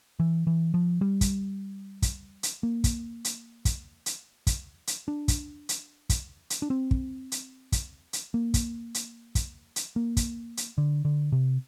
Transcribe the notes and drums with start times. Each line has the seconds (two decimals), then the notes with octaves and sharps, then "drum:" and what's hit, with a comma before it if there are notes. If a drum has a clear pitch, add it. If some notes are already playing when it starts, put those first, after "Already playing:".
0.20 E3
0.47 E3
0.74 F3
1.01 G3
1.21 drum: kick, hi-hat
2.02 drum: kick, hi-hat
2.43 drum: hi-hat
2.63 A#3
2.84 drum: kick, hi-hat
3.25 drum: hi-hat
3.65 drum: kick, hi-hat
4.06 drum: hi-hat
4.47 drum: kick, hi-hat
4.87 drum: hi-hat
5.08 D4
5.28 drum: kick, hi-hat
5.69 drum: hi-hat
6.10 drum: kick, hi-hat
6.50 drum: hi-hat
6.62 D4
6.70 C4
6.91 drum: kick
7.32 drum: hi-hat
7.72 drum: kick, hi-hat
8.13 drum: hi-hat
8.34 A#3
8.54 drum: kick, hi-hat
8.94 drum: hi-hat
9.35 drum: kick, hi-hat
9.76 drum: hi-hat
9.96 A#3
10.17 drum: kick, hi-hat
10.57 drum: hi-hat
10.78 D3
11.05 D3
11.32 C3